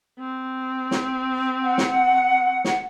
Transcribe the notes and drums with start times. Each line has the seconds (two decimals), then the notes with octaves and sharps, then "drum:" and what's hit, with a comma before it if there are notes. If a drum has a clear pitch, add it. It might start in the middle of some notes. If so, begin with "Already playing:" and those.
0.19 C4
0.91 drum: snare
1.63 F#5
1.78 drum: snare
2.64 drum: snare